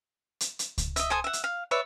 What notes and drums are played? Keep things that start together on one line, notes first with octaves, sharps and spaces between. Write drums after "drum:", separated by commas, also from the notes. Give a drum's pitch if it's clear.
drum: hi-hat
drum: hi-hat
drum: kick C#2, hi-hat
D#5 E5, drum: hi-hat
A4 C5 G#5 D#6
E5 F#5
drum: hi-hat
F5
B4 C#5 D5 E5